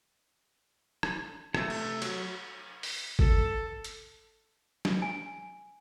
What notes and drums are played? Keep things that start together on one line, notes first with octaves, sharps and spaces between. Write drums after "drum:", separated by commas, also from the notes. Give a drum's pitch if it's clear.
drum: rim click
C3 A3, drum: rim click
drum: cymbal
F#3, drum: cymbal
drum: open hi-hat
A4, drum: kick G#1
drum: hi-hat
drum: snare
G#5